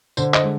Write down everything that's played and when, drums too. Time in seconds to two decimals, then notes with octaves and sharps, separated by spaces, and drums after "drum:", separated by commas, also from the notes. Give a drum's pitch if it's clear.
0.17 D3 C5, drum: tambourine
0.34 C5 D#5, drum: clap
0.43 G#3